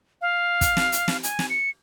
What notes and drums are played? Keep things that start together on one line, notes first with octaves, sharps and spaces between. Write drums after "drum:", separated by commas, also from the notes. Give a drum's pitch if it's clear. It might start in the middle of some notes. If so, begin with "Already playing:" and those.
F5
drum: kick, hi-hat
drum: snare
drum: hi-hat
drum: snare
G#5, drum: hi-hat
drum: snare
C#7